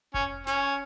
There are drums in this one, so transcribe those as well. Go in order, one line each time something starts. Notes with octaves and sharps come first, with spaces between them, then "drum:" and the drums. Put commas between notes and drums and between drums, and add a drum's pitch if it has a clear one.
C#4, drum: kick F1
C#4, drum: snare